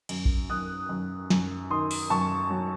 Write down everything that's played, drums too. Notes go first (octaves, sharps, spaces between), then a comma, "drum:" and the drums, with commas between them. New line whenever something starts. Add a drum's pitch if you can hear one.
F#2, drum: cymbal
drum: kick A#1
F#2 D#6 F#6
F#2
F#2, drum: snare
D#3 C6 D#6
drum: open hi-hat
F#2 A5 C#6
F#3